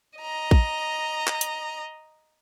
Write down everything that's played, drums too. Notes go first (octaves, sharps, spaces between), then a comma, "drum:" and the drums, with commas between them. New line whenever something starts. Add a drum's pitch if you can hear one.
D#5 A#5
drum: kick
drum: clap
drum: hi-hat